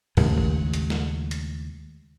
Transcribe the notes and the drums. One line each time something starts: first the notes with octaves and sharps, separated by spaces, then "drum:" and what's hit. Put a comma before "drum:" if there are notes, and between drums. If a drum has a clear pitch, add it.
D#2 A2 C#3 G#3, drum: cymbal
drum: kick G#1
drum: hi-hat
drum: snare
drum: hi-hat